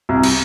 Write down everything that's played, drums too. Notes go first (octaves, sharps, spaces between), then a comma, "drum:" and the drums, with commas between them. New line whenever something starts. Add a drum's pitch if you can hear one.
C2
drum: cymbal